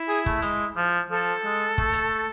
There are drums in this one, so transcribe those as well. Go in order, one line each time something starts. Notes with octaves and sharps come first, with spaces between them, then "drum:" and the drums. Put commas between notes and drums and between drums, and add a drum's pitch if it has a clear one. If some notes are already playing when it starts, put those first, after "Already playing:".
Already playing: E4
G#4
A3, drum: kick
G#3, drum: hi-hat
F3
F3 A4
G#3
A3, drum: kick
drum: hi-hat